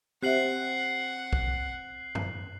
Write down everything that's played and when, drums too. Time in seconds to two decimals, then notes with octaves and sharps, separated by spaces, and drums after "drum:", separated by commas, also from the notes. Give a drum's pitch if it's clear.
0.23 C4 G4 E5 F#5 F#6 C7 F#7
1.33 drum: kick
2.15 drum: tom F#2